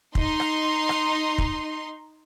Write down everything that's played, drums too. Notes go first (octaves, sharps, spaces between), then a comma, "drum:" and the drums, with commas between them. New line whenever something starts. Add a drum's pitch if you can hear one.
D#4 C6, drum: kick
drum: rim click
drum: rim click
drum: kick